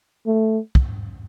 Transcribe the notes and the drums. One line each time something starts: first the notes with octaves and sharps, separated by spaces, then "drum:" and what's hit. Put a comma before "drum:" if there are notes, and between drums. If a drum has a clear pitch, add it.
A3
drum: kick